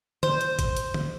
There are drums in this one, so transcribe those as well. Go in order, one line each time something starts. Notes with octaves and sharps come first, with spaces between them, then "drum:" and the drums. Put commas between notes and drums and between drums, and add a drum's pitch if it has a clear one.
C5, drum: tom D3
drum: hi-hat
drum: kick, hi-hat
drum: hi-hat
drum: tom D3